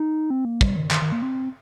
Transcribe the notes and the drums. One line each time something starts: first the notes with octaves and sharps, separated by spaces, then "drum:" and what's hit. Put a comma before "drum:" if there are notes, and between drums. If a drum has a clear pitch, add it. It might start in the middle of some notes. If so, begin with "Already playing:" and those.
Already playing: D#4
C4
A#3
G3, drum: kick
D#3
D#3, drum: clap
D#3
A#3
C4